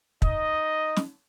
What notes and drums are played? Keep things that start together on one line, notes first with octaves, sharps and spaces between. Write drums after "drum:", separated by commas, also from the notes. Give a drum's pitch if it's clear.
D#4 D#5, drum: kick
drum: snare